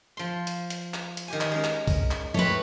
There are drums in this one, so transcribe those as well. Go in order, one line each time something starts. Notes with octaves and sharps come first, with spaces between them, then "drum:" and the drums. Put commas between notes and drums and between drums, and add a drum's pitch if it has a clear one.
F3 C6
drum: hi-hat
drum: hi-hat
drum: clap
drum: hi-hat
D#3 G4 G#5
drum: clap
G#3 C#4 A#4
drum: clap
drum: kick C2, open hi-hat
drum: clap
A3 C4 B4 C#5